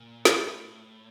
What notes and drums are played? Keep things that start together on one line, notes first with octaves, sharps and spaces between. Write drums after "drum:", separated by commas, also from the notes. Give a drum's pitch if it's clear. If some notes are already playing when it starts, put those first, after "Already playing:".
Already playing: A#2
drum: snare
A2